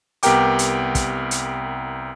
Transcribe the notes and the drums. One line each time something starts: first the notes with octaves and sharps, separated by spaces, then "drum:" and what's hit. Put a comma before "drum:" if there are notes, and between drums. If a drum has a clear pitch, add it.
C2 B3 G4 A#4 G5 D6, drum: hi-hat
drum: hi-hat
drum: kick, hi-hat
drum: hi-hat